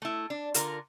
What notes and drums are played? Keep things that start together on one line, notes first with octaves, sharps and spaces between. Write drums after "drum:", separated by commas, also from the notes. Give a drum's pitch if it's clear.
A3 E4
D4
D3 F4 A#4, drum: hi-hat